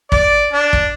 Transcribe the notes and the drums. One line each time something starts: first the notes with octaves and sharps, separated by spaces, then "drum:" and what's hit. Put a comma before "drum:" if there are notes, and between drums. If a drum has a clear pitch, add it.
D5, drum: kick
D4
drum: kick